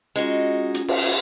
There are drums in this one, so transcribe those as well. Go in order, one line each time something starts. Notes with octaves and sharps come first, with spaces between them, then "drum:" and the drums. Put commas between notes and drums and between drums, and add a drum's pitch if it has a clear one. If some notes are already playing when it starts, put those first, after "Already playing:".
G#3 C#4 D#4 F4 F#4
drum: hi-hat
drum: cymbal